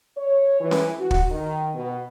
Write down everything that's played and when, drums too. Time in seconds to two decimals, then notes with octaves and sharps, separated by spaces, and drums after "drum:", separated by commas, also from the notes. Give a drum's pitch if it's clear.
0.17 C#5
0.60 E3
0.71 drum: snare C#4
0.99 F#4
1.11 drum: kick
1.30 D#3
1.74 B2